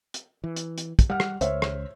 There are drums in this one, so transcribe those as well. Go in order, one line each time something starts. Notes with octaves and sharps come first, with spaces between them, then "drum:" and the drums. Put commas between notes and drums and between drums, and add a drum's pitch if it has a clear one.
drum: hi-hat
E3
drum: hi-hat
drum: hi-hat
drum: kick, hi-hat
G3 F#5 F6
drum: rim click
C#2 C5 C#5 E5, drum: hi-hat
drum: rim click